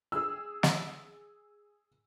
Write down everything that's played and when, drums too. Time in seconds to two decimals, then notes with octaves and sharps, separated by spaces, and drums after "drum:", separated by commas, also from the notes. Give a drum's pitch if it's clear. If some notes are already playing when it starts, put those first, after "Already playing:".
0.12 G#4 E6
0.63 drum: snare